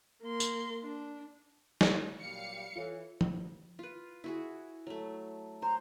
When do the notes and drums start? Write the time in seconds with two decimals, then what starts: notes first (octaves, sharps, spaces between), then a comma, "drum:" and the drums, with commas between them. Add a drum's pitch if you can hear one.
0.23 A#3 C6
0.40 drum: tambourine
0.84 D4
1.81 drum: snare
2.21 A#2 F#3 G3 F5 C#7
2.76 E3 F4 A4 C#5
3.21 drum: tom
3.79 F4 B4
4.24 E4 F#4 G#4
4.87 F#3 A3
5.62 C5 A#5